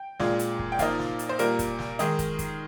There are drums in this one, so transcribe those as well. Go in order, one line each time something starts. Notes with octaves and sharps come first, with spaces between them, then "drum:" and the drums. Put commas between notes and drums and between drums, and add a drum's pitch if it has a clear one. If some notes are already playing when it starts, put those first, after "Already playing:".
Already playing: G5
A#2 G#3 D4 F4, drum: snare
drum: hi-hat
drum: kick
G5
A#2 F3 A#3 D#4 F5, drum: kick, hi-hat
drum: snare
drum: hi-hat
C5
A#2 G3 A#3 A#4, drum: hi-hat
drum: kick, hi-hat
drum: snare
D#3 G#3 D#4, drum: hi-hat
drum: kick, hi-hat
drum: kick, hi-hat